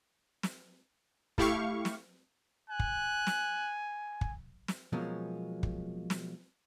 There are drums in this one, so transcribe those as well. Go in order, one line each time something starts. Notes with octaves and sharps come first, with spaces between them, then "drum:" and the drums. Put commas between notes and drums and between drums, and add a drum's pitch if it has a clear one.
drum: snare
A3 E4 G4 F5 C#6, drum: kick
drum: snare
G#5 F#6
drum: kick
drum: snare
drum: kick
drum: snare
B2 F3 F#3 G#3 A#3 C#4
drum: kick
drum: snare